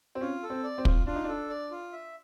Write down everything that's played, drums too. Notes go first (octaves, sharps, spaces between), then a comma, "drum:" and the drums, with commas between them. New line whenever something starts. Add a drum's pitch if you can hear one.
C4
C#4 F4
A4
C4
D5
C4
F4, drum: kick
D4 F4
D#4
D4 A4
D5
F4
E5